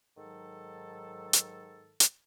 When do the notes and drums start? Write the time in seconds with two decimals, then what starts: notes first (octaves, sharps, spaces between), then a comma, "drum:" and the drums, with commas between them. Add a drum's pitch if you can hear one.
0.17 G#2 D#3 F#3 A4
1.33 drum: hi-hat
2.00 drum: hi-hat